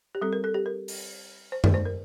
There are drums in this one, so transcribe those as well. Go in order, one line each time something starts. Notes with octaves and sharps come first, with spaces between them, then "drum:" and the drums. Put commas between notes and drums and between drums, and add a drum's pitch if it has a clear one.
G4
G3 C4 A4
A#4
A4
G4
A#4
drum: open hi-hat
C5
D5, drum: tom F#2
C5
A#4